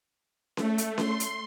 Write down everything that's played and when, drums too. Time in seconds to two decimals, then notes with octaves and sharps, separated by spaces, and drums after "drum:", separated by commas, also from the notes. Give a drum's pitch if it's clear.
0.57 A3, drum: snare C#4
0.78 drum: hi-hat
0.98 C6, drum: snare C#4
1.20 drum: hi-hat